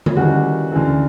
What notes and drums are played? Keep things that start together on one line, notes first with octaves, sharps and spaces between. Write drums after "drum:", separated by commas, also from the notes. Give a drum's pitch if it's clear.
drum: tom D3
D#2 C#3 E3 G3 F#4
D2 C#3 E3